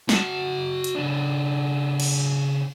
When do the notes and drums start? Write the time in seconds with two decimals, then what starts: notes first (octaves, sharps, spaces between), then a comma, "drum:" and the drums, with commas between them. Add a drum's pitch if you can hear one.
0.09 F#4 A5, drum: snare
0.84 drum: hi-hat
0.95 C#3 D4
2.00 drum: cymbal